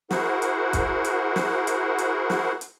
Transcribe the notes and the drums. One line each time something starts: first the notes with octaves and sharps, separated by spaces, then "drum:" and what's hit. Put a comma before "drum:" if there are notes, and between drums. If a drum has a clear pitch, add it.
E4 F#4 G#4 A#4 C5 F#5, drum: snare
drum: hi-hat
drum: kick, hi-hat
drum: hi-hat
drum: snare
drum: hi-hat
drum: hi-hat
drum: snare
drum: hi-hat